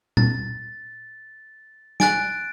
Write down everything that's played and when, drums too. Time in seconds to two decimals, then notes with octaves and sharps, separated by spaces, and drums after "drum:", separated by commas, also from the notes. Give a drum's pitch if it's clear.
0.17 A6, drum: tom A#2
2.00 G#5 F#6 A6 D7, drum: snare